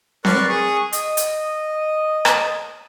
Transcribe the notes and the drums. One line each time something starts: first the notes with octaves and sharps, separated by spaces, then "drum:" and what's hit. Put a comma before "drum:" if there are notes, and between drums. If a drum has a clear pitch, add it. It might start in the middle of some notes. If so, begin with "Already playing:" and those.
A#4 B4 D5 C6 C#6, drum: snare C4
G#4 C#6 D#6
D#5, drum: hi-hat
drum: hi-hat
drum: rim click